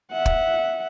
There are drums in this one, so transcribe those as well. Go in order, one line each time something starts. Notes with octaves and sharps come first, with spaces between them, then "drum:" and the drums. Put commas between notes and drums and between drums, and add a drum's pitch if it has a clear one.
E5 F#5
drum: kick